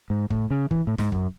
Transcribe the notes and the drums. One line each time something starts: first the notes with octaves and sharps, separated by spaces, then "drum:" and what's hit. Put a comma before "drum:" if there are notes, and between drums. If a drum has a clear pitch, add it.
G#2
A2, drum: kick
C#3
E3, drum: kick
A2
G#2, drum: snare
F#2, drum: kick